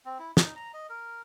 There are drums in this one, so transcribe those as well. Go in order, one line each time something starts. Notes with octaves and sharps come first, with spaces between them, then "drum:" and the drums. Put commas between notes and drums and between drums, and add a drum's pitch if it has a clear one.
C4
E4
D#4, drum: snare
A#5
D#5
A#4